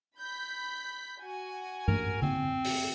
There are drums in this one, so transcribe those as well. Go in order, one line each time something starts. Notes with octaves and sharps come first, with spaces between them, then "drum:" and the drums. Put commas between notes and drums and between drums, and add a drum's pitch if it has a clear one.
B5 G6 B6
F#4 G#5
A#4, drum: tom G2
C4, drum: tom D3
drum: open hi-hat